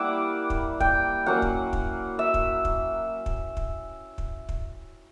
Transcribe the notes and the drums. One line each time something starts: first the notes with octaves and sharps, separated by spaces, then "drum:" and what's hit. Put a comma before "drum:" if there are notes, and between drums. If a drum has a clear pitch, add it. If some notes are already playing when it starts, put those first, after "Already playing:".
Already playing: G3 A#3 E4 F#5 D6 E6
drum: kick
G5, drum: kick
F#3 A#3 C#4 F#5
drum: kick
drum: kick
E5
drum: kick
drum: kick
drum: kick
drum: kick
drum: kick
drum: kick